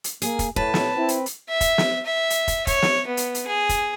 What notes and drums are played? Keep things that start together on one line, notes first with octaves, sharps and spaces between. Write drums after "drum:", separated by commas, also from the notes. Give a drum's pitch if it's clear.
drum: hi-hat
A#3 G#4, drum: hi-hat
drum: kick, hi-hat
A2 B4 C#5 A5, drum: kick
drum: snare
C4 E4
drum: hi-hat
drum: hi-hat
E5
drum: kick, hi-hat
drum: snare
E5
drum: hi-hat
drum: kick, hi-hat
C#5, drum: kick, hi-hat
drum: snare
B3
drum: hi-hat
drum: hi-hat
G#4
drum: kick, hi-hat